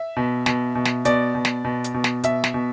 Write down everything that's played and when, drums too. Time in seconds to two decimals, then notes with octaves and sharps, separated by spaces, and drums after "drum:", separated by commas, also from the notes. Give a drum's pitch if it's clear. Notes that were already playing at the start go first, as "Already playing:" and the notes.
Already playing: E5
0.16 B2
0.46 B2, drum: snare
0.75 B2
0.85 drum: snare
1.05 B2 D5, drum: hi-hat
1.35 B2
1.45 drum: snare
1.64 B2
1.84 drum: hi-hat
1.94 B2
2.04 drum: snare
2.24 B2 E5, drum: hi-hat
2.44 drum: snare
2.54 B2